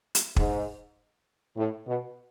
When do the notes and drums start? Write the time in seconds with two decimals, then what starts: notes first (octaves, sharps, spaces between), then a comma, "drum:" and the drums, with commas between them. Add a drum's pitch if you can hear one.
0.15 drum: hi-hat
0.36 G#2, drum: kick
1.56 A2
1.87 B2